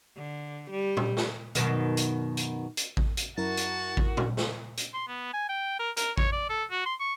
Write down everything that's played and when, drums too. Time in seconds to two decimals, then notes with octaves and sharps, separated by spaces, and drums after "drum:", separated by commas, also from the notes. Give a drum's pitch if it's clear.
0.17 D3
0.71 G3
0.97 drum: tom A#2
1.17 drum: snare
1.55 F#2 B2 D#3, drum: hi-hat
1.97 drum: hi-hat
2.37 drum: hi-hat
2.77 drum: hi-hat
2.97 drum: kick A1
3.17 drum: hi-hat
3.38 F#2 E4 F#4 A#4 A5
3.57 drum: hi-hat
3.97 drum: kick A1
4.17 drum: tom A#2
4.37 drum: snare
4.77 drum: hi-hat
4.94 C6
5.08 B3
5.34 G#5
5.49 G5
5.79 A#4
5.97 A#4, drum: hi-hat
6.18 C#5, drum: kick A1
6.32 D5
6.50 A4
6.71 F#4
6.86 C6
7.00 C#6